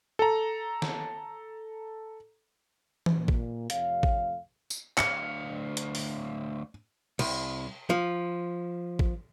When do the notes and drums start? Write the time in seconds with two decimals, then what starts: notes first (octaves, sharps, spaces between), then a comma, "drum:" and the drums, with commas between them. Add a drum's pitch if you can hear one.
0.19 A4 A#5
0.82 drum: snare
3.06 drum: tom E3
3.16 A#2
3.28 drum: kick
3.70 F2 C3 A3 C#5 F5, drum: hi-hat
4.03 drum: kick
4.70 drum: tambourine
4.98 D2 F5 C#7, drum: clap
5.77 drum: hi-hat
5.95 drum: open hi-hat
7.19 C2, drum: cymbal
7.90 F3
8.99 drum: kick